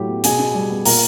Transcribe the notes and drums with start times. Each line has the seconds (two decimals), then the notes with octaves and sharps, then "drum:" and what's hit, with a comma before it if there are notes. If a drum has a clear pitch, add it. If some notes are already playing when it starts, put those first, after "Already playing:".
Already playing: A2 F#3 E4 G4
0.09 B3
0.24 B2 G#4 G#5, drum: hi-hat
0.40 B2
0.55 G3
0.70 B3
0.85 A#2 A#4 A#5, drum: open hi-hat